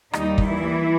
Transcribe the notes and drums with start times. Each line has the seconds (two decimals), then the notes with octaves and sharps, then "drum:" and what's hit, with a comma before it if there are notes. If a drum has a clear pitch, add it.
0.13 D#2 D#3 G3 D#4, drum: rim click
0.38 drum: kick
0.49 E3 E4